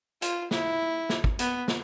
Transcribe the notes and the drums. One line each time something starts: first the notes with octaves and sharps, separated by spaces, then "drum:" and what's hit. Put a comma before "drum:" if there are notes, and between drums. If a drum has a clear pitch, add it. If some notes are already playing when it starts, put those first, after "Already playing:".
F4, drum: hi-hat
E4, drum: snare
drum: snare
drum: kick
B3, drum: hi-hat
drum: snare